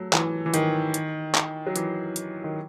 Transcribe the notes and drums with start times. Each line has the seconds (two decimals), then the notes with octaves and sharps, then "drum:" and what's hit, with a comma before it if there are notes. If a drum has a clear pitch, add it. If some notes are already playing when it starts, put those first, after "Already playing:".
Already playing: F#3 A3
0.13 E3, drum: clap
0.46 E3
0.54 D#3, drum: hi-hat
0.94 drum: hi-hat
1.35 drum: clap
1.67 F#3
1.76 E3, drum: hi-hat
2.16 drum: hi-hat
2.44 D#3